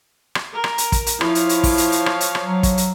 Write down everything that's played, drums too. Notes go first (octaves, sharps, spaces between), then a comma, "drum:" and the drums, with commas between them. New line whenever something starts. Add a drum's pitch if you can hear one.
drum: rim click
A#4
drum: rim click
drum: hi-hat
drum: kick, hi-hat
drum: hi-hat
F3 E4 C#5 F5, drum: rim click
drum: hi-hat
drum: hi-hat
drum: kick, open hi-hat
drum: hi-hat
drum: hi-hat
drum: rim click
drum: hi-hat
drum: rim click
F#3
drum: kick, hi-hat
drum: hi-hat